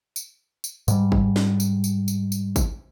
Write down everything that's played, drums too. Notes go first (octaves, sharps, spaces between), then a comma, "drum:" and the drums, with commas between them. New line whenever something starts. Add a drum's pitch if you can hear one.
drum: tambourine
drum: tambourine
G#2 G3, drum: tambourine
drum: kick G#1
drum: snare
drum: tambourine
drum: tambourine
drum: tambourine
drum: tambourine
drum: kick G#1, tambourine